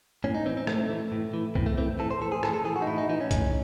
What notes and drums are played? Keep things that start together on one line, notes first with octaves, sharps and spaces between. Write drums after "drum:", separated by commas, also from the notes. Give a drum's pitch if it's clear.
A2 C#4
D#4
E3 C4
C4
A2 A3, drum: rim click
E3
A2
E3
A2 C4, drum: kick C2
A3
E3 C4
A2 A4
C5
E3 A4
G#4
A2 A4, drum: rim click
A4
E3 G#4
F#4
D#4
A2 E4
D#4
E3 D#4
C#4
A2, drum: kick C2, hi-hat